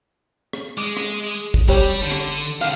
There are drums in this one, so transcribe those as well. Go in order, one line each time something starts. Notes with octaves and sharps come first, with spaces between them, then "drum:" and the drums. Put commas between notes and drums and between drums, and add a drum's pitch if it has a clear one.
drum: rim click
G#3 D6
drum: rim click
drum: kick
G3 G4 C#5, drum: kick
D3
drum: rim click
D3 C4 F5